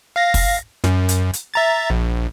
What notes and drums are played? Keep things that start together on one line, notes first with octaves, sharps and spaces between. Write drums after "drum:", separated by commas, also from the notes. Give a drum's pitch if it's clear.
F5 A#6
drum: kick, open hi-hat
F#2, drum: snare
drum: hi-hat
drum: hi-hat
E5 A#5 A6
A#1